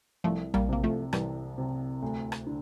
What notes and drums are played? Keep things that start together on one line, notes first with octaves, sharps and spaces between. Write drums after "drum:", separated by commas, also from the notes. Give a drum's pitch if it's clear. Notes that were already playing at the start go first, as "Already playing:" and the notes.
C2 F3 A3
G3 A#3, drum: tom A#1
C3 A#3
F3 A3
C2 E3 G3, drum: rim click
C3
D2
drum: rim click
D3